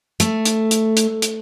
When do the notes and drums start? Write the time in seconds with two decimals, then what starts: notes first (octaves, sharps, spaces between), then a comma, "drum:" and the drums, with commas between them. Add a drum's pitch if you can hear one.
0.20 A3, drum: hi-hat
0.45 drum: hi-hat
0.71 drum: hi-hat
0.97 drum: hi-hat
1.22 drum: hi-hat